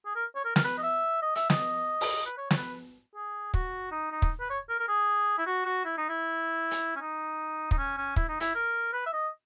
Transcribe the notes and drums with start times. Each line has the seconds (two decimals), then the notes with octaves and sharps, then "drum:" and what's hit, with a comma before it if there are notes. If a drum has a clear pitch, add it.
0.06 G#4
0.16 A#4
0.35 C#5
0.45 A#4
0.56 A#4, drum: snare
0.65 B4
0.78 D#5
0.83 E5
1.22 D#5
1.35 E5, drum: hi-hat
1.50 D#5, drum: snare
2.01 drum: open hi-hat
2.26 B4
2.38 C#5
2.51 C#5, drum: snare
2.57 B4
3.15 G#4
3.54 F#4, drum: kick
3.92 D#4
4.12 D#4
4.22 drum: kick
4.40 B4
4.50 C#5
4.69 A#4
4.80 A#4
4.88 G#4
5.38 E4
5.46 F#4
5.66 F#4
5.85 E4
5.98 D#4
6.09 E4
6.71 drum: hi-hat
6.96 C#4
7.01 D#4
7.71 D#4, drum: kick
7.78 C#4
7.97 C#4
8.16 E4, drum: kick
8.29 D#4
8.40 E4, drum: hi-hat
8.55 A#4
8.93 B4
9.06 E5
9.13 D#5